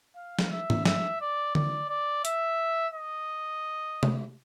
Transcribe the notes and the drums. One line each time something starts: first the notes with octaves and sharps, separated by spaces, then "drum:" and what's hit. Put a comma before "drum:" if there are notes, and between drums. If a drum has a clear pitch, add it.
F5
drum: snare
E5
drum: tom
E5, drum: snare
D5
D5, drum: tom D3
D5
E5, drum: hi-hat
D#5
drum: tom C3